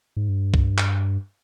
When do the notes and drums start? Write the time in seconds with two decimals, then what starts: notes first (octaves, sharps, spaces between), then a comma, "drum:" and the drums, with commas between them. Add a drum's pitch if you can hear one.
0.17 G#2
0.29 G2
0.54 drum: kick C2
0.78 drum: clap